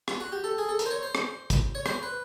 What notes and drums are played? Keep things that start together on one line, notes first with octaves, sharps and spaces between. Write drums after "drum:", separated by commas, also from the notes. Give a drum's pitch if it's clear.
F4, drum: rim click
F#4
G4
A4
G#4
A4
A#4, drum: hi-hat
C5
C#5
C5
drum: rim click
drum: kick G#1, hi-hat
C#5
C5, drum: rim click
B4